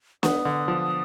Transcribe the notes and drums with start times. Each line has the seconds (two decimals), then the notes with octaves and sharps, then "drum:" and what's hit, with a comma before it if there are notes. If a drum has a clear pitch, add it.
0.23 B3 D#6, drum: snare
0.45 D3
0.68 F3